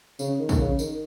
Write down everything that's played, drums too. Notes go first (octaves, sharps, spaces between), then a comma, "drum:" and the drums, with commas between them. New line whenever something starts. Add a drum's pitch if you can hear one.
C#3, drum: tambourine
D#3
drum: kick, tambourine
C#3
D#3, drum: tambourine